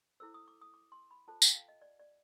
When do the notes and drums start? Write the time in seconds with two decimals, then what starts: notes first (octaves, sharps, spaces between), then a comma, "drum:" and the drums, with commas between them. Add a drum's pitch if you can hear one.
0.20 E4 A4 C5 E6
0.34 D#6
0.48 D6
0.61 D#6
0.74 D6
0.92 C6
1.11 B5
1.28 F4 A4 C5 A5
1.42 G5, drum: tambourine
1.55 F5
1.68 D#5
1.82 D5
2.00 D5